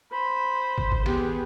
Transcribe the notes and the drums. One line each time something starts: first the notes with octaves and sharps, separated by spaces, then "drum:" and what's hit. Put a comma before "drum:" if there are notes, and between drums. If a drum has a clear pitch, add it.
C5 B5
drum: kick
drum: kick
B3 G4 G#4, drum: snare